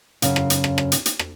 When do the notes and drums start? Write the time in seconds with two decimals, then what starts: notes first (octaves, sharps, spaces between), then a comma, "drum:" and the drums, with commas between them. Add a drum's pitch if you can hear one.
0.22 F#2 C#3 F5, drum: hi-hat
0.36 drum: rim click
0.50 drum: hi-hat
0.64 drum: rim click
0.78 drum: rim click
0.92 drum: hi-hat
1.06 drum: hi-hat
1.19 drum: rim click